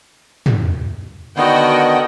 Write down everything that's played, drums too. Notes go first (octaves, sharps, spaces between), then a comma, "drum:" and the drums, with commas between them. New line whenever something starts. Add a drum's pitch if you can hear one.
drum: tom
D3 D#3 B3 F#4 D#5 G5